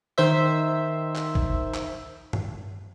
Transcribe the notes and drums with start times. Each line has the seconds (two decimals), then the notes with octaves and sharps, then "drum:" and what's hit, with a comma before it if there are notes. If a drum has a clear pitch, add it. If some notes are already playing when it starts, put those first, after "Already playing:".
0.18 D#3 C5 E5
1.16 drum: clap
1.35 drum: kick
1.74 drum: clap
2.33 drum: tom G2